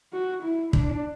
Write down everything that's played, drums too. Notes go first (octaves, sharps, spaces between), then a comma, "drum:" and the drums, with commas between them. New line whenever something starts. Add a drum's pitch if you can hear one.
F#4
E4
D4, drum: kick